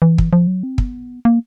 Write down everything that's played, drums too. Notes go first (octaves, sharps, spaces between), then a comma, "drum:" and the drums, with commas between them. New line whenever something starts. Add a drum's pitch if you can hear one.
E3
drum: kick
F3
F#3
C4
B3, drum: kick
A#3